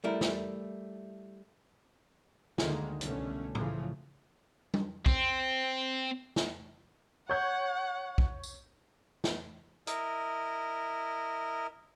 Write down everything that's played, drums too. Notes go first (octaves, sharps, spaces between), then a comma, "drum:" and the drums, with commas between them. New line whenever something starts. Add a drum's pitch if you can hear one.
G3 A3 E4 A#4
drum: snare
D2 D3 D#3 G#3 A#3, drum: snare
C2 B2 D3 A3 B3 C#4, drum: hi-hat
A2 C#3 E3 F3 A3, drum: tom
drum: tom G3
C4, drum: kick
drum: snare
C#5 F#5 G6 G#6
drum: kick
drum: tambourine
drum: snare
E4 A#4 D#5, drum: hi-hat